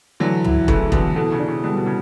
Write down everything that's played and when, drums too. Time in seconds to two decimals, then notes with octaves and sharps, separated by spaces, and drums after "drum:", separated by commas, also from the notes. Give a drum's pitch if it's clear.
0.20 D3 E3 F#3
0.44 E4, drum: tom
0.68 C#3 E3 A3, drum: kick E1
0.92 B2 D3 E3, drum: kick E1
1.16 B2 A4
1.32 C#3
1.39 D4
1.48 C#3
1.64 B2 D3 G3
1.77 B2
1.86 C#3